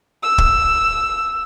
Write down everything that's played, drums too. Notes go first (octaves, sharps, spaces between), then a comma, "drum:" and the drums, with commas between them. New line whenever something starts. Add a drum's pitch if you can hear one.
E6
drum: kick